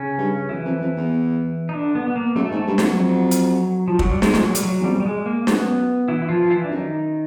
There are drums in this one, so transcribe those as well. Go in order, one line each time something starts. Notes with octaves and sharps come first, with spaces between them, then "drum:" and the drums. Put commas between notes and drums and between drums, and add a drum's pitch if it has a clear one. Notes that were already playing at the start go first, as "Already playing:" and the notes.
Already playing: C#3 C#4
G2
F#2 E3 E4
F2
F2
E2
D#4
D3 D4
B3
B3
A#3
F#2 A3
G#2
A3
G2
F#2 F#3, drum: snare
F2
drum: hi-hat
F3
F#3, drum: kick
G3
G#3, drum: snare
F3, drum: snare
F#3
G3, drum: hi-hat
F#3
E2
F2 G3
G3
G#3
A#3
F#2 B3, drum: snare
E3 E4
E4
F3 F4
F4
E3 E4
D4
F#2 D#3 D#4